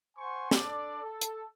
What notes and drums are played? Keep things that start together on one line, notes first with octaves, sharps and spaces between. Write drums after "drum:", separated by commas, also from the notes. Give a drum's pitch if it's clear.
C5 F#5 G#5 C6 C#6
D4 A4 D5, drum: snare
A4
drum: hi-hat